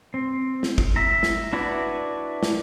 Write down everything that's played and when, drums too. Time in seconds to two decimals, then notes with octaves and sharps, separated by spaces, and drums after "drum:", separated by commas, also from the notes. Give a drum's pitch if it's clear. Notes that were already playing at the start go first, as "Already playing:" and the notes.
0.14 C4
0.63 drum: snare
0.78 drum: kick
0.96 E5 A#5
1.23 drum: snare
1.53 D4 E4 F#4 B4 D5
2.43 drum: snare